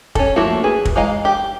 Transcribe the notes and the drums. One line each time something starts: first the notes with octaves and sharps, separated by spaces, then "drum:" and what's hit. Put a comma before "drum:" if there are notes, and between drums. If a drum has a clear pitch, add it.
C#4 A4, drum: kick
F3 A3 A#3 E4 F#4
G#4 B4
drum: kick
E3 G#3 D#5 F5 A#5
G4